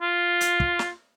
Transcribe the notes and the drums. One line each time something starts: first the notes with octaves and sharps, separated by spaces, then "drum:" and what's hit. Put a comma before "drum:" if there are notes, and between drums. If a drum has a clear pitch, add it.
F4
drum: hi-hat
drum: kick
drum: snare